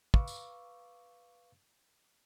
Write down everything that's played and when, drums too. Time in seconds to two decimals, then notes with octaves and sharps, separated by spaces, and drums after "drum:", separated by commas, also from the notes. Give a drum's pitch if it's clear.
0.14 B4 F5 C#6 D6 E6, drum: kick
0.28 drum: tambourine